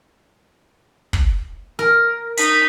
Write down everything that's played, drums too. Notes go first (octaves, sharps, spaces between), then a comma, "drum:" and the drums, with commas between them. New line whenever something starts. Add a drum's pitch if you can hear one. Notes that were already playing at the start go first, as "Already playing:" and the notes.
drum: kick
A#4
D#4 B6, drum: hi-hat